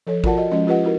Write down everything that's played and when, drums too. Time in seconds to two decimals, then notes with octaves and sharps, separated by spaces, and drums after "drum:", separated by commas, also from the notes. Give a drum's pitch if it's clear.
0.07 F3 A4 C#5
0.24 F4 F#4 A#4 D5 F#5 A5, drum: kick A1
0.37 F#4 D#5
0.51 F3 G#3 C#4 D#5
0.67 F4 G4 B4 D#5 F#5
0.84 E4 F#4 A#4